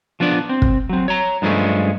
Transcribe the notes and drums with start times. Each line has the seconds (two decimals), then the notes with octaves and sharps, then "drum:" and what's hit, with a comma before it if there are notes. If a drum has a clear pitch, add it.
0.20 F3 B3 D4 D5
0.49 C4
0.62 drum: kick
0.89 F#3 C4
1.08 C#5 A#5
1.42 G2 F3 G#3 A3 C#4